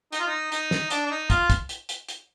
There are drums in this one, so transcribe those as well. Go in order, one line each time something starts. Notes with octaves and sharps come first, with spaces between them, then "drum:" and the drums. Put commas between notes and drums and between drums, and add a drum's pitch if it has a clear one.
D#4, drum: hi-hat
F4
D#4
D#4, drum: hi-hat
drum: snare
D4, drum: hi-hat
D4
D#4
F4, drum: kick, hi-hat
drum: kick, hi-hat
drum: hi-hat
drum: hi-hat
drum: hi-hat